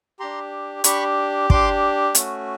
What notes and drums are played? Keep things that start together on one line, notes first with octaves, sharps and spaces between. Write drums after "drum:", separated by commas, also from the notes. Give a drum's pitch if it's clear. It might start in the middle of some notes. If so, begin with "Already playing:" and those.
D4 G4 A#5 C6
D4 G4 B5 C#6, drum: hi-hat
D4 G4 C6 D6, drum: kick
A3 C#4 F#4, drum: hi-hat